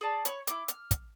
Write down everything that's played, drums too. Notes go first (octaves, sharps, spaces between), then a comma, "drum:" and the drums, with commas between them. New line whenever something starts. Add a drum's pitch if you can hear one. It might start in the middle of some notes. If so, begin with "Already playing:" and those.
G#4 D5 A5
C#5 B5 C#6, drum: hi-hat
E4 D6, drum: hi-hat
F6, drum: hi-hat
drum: kick, hi-hat